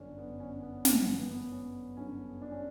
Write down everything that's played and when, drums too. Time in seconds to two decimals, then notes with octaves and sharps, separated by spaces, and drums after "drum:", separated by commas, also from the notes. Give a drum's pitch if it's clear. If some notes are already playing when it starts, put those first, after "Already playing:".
Already playing: G1 F#2 D3 C#4 D4
0.17 G1 F#2 D3 B3
0.40 C#4
0.53 C#4
0.63 B3
0.85 C#4, drum: snare
1.08 G1 F#2 D3 C#4
1.16 B3
1.34 B3
1.52 C#4
1.97 G1 F#2 D3 C#4
2.42 D4
2.51 C#4